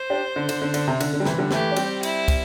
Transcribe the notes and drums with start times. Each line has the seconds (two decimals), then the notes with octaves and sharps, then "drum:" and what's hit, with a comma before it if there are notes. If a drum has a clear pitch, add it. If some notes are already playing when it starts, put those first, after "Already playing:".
Already playing: C5
0.10 D4 G4
0.36 D3
0.49 D3, drum: cymbal
0.62 D3
0.74 D3, drum: cymbal
0.88 C3
1.00 D3, drum: cymbal
1.13 D3
1.20 G3
1.26 C3 E3, drum: snare
1.38 D3 G3
1.51 E3 A3 G4, drum: snare
1.72 D4
1.76 G3 C4, drum: cymbal
2.03 E4, drum: cymbal
2.28 drum: kick, cymbal